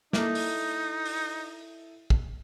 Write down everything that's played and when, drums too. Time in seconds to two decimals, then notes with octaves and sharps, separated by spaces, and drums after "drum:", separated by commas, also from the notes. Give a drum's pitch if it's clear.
0.13 A#3 D#4 E4 A4, drum: snare
0.35 drum: open hi-hat
1.05 drum: open hi-hat
2.10 drum: kick